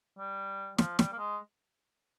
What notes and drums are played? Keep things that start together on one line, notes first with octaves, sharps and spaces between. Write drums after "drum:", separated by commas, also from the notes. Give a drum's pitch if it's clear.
G3
F3, drum: snare
G3, drum: snare
A#3
G#3